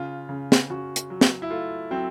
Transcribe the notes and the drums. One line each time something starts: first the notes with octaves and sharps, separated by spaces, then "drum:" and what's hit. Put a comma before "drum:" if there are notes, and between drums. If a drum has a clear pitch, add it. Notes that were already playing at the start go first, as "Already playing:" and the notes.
Already playing: C#3 F4
C#3
drum: snare
C#3 F#4
drum: hi-hat
F#3
drum: snare
E4
A3 F4
F#3 C4